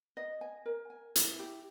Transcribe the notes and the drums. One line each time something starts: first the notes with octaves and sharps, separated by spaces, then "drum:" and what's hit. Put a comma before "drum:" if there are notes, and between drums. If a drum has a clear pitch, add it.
D#5
G#5
A#4
G#5
E4, drum: hi-hat
G4